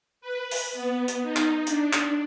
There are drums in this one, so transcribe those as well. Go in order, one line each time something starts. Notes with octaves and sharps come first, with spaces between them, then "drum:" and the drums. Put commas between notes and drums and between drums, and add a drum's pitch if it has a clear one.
B4
drum: open hi-hat
B3
drum: hi-hat
D#4
drum: clap
D4, drum: hi-hat
drum: clap